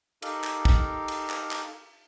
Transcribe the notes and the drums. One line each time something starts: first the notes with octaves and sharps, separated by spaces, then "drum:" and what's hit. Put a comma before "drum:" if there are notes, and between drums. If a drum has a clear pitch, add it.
D#4 G4 A4 A#4 F5, drum: cymbal
drum: clap
drum: kick
drum: cymbal
drum: clap
drum: clap